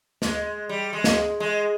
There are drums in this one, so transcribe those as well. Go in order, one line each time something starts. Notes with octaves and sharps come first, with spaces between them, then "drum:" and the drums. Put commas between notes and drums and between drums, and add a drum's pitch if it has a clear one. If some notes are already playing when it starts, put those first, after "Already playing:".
G#3, drum: snare
G3
G#3
drum: snare
G#3